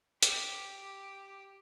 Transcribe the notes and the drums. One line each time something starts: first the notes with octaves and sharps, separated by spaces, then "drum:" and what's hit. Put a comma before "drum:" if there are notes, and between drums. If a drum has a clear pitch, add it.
G4, drum: hi-hat